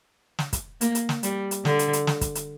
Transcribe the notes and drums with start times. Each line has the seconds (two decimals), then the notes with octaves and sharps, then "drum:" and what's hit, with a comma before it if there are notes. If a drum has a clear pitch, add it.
0.39 drum: snare
0.53 drum: kick, hi-hat
0.81 A#3, drum: hi-hat
0.95 drum: hi-hat
1.09 drum: snare
1.23 G3, drum: hi-hat
1.51 drum: hi-hat
1.65 D3, drum: snare
1.79 drum: hi-hat
1.93 drum: hi-hat
2.07 drum: snare
2.21 drum: kick, hi-hat
2.35 drum: hi-hat